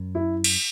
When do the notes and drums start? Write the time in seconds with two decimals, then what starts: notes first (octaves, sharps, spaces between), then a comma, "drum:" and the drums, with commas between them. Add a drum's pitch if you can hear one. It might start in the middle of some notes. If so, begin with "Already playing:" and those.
Already playing: F#2
0.15 E4
0.44 drum: cymbal